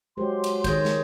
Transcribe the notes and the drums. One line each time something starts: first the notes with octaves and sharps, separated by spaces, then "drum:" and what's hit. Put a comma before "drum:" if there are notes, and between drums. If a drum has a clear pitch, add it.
F#3 G#3 G4 C5 C6
drum: cymbal
D#3 G#4 C#5 G6, drum: kick, cymbal
drum: snare